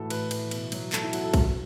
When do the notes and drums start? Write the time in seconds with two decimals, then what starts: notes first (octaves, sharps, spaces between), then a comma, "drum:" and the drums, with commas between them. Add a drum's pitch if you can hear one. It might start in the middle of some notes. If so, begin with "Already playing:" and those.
Already playing: A2 E3 F#4 A4
0.10 A2 B4, drum: cymbal
0.31 E3, drum: cymbal
0.51 B2, drum: cymbal
0.72 F#3, drum: cymbal
0.93 F#3 A4, drum: clap
1.03 E4
1.13 F#3 F#4, drum: cymbal
1.23 A4
1.34 B2, drum: kick A#1, cymbal